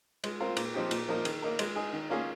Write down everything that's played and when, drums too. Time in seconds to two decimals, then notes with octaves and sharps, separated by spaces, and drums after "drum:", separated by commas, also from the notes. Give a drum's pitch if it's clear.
0.24 G#3, drum: cymbal
0.41 C4 F4 A#4
0.57 A#2, drum: cymbal
0.74 F3 C4 D#4 G4
0.91 A#2, drum: cymbal
1.09 F3 A#3 D#4 A#4
1.25 D#3, drum: cymbal
1.42 A#3 D#4 A#4
1.59 G#3, drum: cymbal
1.76 D#4 G#4
1.93 D#3
2.10 A#3 C#4 F4 G#4